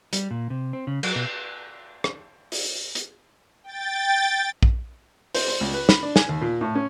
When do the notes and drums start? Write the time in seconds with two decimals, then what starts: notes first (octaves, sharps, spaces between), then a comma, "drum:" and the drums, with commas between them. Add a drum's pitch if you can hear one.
0.13 G3, drum: hi-hat
0.31 A#2
0.50 C3
0.73 C4
0.87 C#3
1.03 F#3, drum: cymbal
1.16 B2
2.04 drum: rim click
2.52 drum: open hi-hat
2.95 drum: hi-hat
3.63 G5 A6
4.63 drum: kick A#1
5.35 C5, drum: open hi-hat
5.48 C5
5.61 C#2
5.74 B4
5.89 B5, drum: snare
6.03 D4
6.16 G#5, drum: snare
6.29 D#2
6.41 A#2
6.61 A2
6.75 C#4